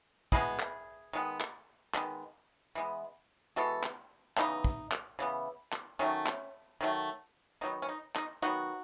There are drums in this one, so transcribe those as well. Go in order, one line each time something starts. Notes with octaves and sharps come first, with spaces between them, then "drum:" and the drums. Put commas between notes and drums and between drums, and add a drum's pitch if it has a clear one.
B2 G#3 B3 E4 G#4, drum: kick
drum: clap
D#3 G#3 B3
drum: clap
D#3 G#3 B3, drum: clap
E3 G#3 B3
E3 G#3 B3 F#4 A4
drum: clap
C#3 E3 B3 D#4, drum: clap
drum: kick
drum: clap
C#3 E3 B3
drum: clap
D#3 F#3 A3 C#4
drum: clap
D#3 F#3 A3
D#3 F#3 B3 D#4
C#4
D#4
D#4, drum: clap
D#3 F#3 B3 D#4 F#4